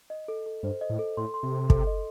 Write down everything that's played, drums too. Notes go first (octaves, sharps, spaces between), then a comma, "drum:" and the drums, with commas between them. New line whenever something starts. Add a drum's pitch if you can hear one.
D#5
A4
A4
G2 C5
D#5
A2
A4
A2 C6
C6
C3
A4
A4, drum: kick
D#5